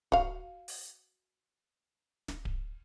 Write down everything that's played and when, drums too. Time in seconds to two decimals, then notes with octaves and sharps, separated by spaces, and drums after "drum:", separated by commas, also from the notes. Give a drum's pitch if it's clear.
0.12 F#4 F5, drum: kick D1
0.68 drum: open hi-hat
2.28 drum: snare
2.45 drum: kick D1